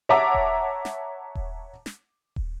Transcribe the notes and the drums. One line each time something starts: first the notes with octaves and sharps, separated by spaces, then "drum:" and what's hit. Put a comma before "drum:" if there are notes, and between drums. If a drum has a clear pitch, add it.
C#5 E5 F#5 A5 A#5 D6
drum: kick D#1
drum: snare
drum: kick D#1
drum: snare
drum: kick D#1